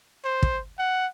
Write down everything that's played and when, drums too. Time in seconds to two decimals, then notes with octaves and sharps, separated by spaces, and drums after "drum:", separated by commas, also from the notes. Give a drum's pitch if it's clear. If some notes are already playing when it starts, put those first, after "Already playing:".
0.25 C5
0.43 drum: kick
0.79 F#5